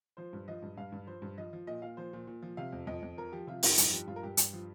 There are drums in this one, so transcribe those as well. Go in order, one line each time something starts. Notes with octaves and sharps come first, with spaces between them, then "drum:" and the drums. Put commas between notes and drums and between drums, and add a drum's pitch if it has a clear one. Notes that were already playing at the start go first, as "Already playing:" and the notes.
F3 C5
G2
F3 D#5
G2
G2 F5
G2
F3 C5
G2
F3 D#5
F3
A#2 D#5
A#2 F5
F3 C5
A#2
A#2
F3
C3 F5
F2
F2 D#5
F2
F3 A#4
F3 G4
C3 F4
F2 D#4, drum: open hi-hat
G2 D#4, drum: hi-hat
F3 G4
G2 F4
A#4
G2 G4
G2, drum: hi-hat
F3